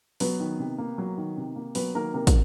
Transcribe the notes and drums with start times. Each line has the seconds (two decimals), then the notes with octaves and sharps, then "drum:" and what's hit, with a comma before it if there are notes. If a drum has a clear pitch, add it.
0.20 F#3 B3 B4, drum: open hi-hat
0.40 D#3
0.59 C3
0.78 A#3
0.98 F#3
1.17 D#3
1.37 C3
1.56 A#3
1.75 F#3 B3 B4, drum: open hi-hat
1.95 D#3 A#3 A#4
2.14 C3 A#3 A#4
2.27 drum: kick, hi-hat